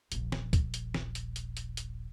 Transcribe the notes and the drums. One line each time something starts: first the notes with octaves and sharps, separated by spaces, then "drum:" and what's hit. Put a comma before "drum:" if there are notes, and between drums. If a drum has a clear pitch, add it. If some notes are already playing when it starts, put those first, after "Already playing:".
D#1 A#1, drum: hi-hat
drum: snare
drum: kick, hi-hat
drum: hi-hat
drum: snare
drum: hi-hat
drum: hi-hat
drum: hi-hat
drum: hi-hat